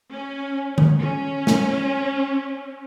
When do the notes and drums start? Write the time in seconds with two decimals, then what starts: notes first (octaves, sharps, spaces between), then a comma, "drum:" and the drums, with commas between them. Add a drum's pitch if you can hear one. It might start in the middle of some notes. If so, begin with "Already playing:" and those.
0.12 C#4
0.78 drum: tom D3
1.01 C#4
1.47 drum: snare